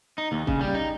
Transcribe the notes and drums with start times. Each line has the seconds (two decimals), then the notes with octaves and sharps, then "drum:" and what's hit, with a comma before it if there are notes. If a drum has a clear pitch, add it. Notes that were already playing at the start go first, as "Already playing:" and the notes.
0.18 D#4
0.32 D#2
0.47 C#3, drum: kick
0.61 G3
0.74 D#4